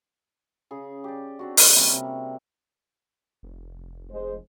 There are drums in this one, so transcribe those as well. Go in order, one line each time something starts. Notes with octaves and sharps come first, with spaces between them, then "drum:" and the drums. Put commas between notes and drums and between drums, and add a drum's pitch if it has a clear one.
C#3 G#4
G4 D5
C4 D4 F#4
A#2 C#5, drum: open hi-hat
C3 G3 A#3 C#4
C3
F1
G#3 C5